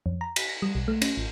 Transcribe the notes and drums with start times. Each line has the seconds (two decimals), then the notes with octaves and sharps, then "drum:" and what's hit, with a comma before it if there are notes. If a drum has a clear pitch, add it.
0.06 F2
0.21 A#5
0.36 B6, drum: cymbal
0.49 A#6
0.62 G3
0.75 B1
0.88 A3
1.02 C#4, drum: cymbal
1.17 A1